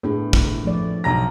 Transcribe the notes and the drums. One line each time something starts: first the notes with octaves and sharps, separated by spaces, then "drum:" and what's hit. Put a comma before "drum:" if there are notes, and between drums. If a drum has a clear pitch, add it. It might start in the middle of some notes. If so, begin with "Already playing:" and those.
A2 B3 D4 G#4
E4, drum: kick
F3 A3 D5
B1 A#5 A#6